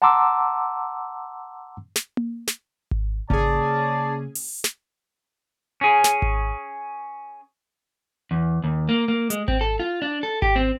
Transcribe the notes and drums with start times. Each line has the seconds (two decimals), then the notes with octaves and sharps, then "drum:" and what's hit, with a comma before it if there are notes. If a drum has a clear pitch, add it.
0.02 F#5 A5 A#5 C6 D6 E6
1.96 drum: snare
2.17 drum: tom A#3
2.47 drum: snare
2.91 drum: kick G#1
3.30 C#3 A#3 C#4 G#4 D5 A5, drum: kick G#1
4.35 drum: open hi-hat
4.64 drum: snare
5.81 C#4 G#4
6.04 drum: snare
6.22 drum: kick G#1
8.31 E2
8.64 D#2
8.89 A#3
9.08 A#3
9.30 G#3, drum: hi-hat
9.48 C4, drum: kick G#1
9.61 A4
9.79 F4
10.02 D4
10.23 A4
10.42 G4, drum: kick G#1
10.56 C4